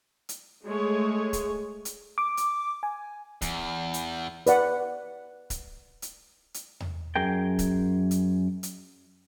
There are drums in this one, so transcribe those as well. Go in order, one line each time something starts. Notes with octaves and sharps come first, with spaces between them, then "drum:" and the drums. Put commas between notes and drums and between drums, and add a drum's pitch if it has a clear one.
drum: hi-hat
G#3 A3 G#4 C#5
drum: kick C#1, hi-hat
drum: hi-hat
D6
drum: hi-hat
G#5
E2, drum: kick C#1, hi-hat
drum: hi-hat
B4 D5 F#5, drum: hi-hat
drum: kick C#1, hi-hat
drum: hi-hat
drum: hi-hat
drum: tom E2
F#2 G#4 A#4 G5
drum: kick C#1, hi-hat
drum: hi-hat
drum: hi-hat